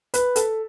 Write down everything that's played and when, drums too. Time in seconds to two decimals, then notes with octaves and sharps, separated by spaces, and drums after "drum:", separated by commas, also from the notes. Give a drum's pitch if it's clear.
0.14 B4, drum: hi-hat
0.36 A4, drum: hi-hat